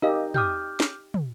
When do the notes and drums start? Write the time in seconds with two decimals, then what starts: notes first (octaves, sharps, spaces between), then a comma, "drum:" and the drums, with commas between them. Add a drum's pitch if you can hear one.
0.02 D#4 G4 A#4 D#5 F5
0.34 G4 G5 D6 D#6 F6 G6, drum: tom
0.80 drum: snare
1.14 drum: tom